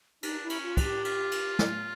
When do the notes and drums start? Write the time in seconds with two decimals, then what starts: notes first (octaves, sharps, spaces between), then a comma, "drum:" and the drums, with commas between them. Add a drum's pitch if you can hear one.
0.23 D4 D#4, drum: cymbal
0.43 E4
0.50 C#4, drum: cymbal
0.63 F4
0.77 D4, drum: kick, cymbal
0.83 G4
1.05 F4, drum: cymbal
1.32 drum: cymbal
1.59 drum: snare